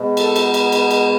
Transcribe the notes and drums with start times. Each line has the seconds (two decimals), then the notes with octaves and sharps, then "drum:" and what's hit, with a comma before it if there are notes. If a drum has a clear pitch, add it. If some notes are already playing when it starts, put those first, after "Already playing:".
Already playing: B2 G#3
0.17 A4, drum: cymbal
0.36 drum: cymbal
0.54 drum: cymbal
0.72 drum: cymbal
0.91 drum: cymbal